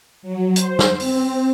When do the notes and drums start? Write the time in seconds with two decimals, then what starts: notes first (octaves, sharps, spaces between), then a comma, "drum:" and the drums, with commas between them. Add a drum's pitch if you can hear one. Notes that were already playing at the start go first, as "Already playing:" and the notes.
0.23 F#3
0.56 C5, drum: hi-hat
0.79 drum: snare
1.00 C4, drum: open hi-hat